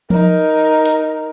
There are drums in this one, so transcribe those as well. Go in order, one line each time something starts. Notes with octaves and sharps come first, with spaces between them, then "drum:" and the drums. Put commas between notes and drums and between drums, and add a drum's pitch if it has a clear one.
D#4 A#4, drum: tom F3
drum: hi-hat